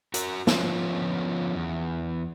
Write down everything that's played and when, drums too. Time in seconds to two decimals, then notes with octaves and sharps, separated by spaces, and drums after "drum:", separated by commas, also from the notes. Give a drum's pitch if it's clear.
0.14 F#4 A#4, drum: hi-hat
0.47 D3 F3 B3 C#4 F4, drum: snare
1.55 E2